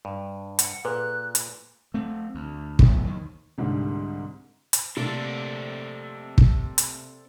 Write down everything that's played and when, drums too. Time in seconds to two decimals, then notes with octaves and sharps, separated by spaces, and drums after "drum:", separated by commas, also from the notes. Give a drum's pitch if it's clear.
0.05 G2
0.59 F#5, drum: hi-hat
0.85 A#2 G#4 A4 B4 F#6
1.35 drum: hi-hat
1.94 A3 C4
2.35 D2
2.79 F#1 A2 F#3 B3, drum: kick
3.04 D#2 D#3
3.58 C2 G#2 D3 G3
4.73 drum: hi-hat
4.97 C3 A3 A#3 C4 A4 D5
6.38 drum: kick
6.78 drum: hi-hat